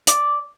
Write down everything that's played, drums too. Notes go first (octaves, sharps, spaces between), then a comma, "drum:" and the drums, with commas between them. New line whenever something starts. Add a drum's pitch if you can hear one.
D5, drum: hi-hat